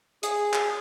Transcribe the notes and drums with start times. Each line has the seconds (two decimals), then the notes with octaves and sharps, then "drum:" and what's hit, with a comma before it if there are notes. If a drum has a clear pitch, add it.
0.23 G#4, drum: hi-hat
0.53 drum: clap